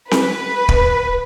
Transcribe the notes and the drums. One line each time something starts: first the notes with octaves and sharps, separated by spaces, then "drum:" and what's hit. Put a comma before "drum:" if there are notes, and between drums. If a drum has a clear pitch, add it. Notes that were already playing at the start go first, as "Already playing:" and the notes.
B4, drum: snare C4
drum: kick